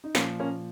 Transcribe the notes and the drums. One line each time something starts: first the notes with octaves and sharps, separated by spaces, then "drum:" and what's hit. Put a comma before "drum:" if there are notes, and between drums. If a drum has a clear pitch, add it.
D#4
A#2 F3 A#3 C#4, drum: snare
A#3 C#4